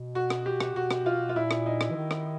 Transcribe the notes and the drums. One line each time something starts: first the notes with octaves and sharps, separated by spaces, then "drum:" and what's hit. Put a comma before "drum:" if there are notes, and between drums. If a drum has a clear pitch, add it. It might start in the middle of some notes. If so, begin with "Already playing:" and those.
Already playing: B2
F#4
drum: rim click
G4
drum: rim click
B2 F#4
drum: rim click
F4
F4
A#2 E4
drum: rim click
D#4
drum: rim click
E3
D#3
drum: rim click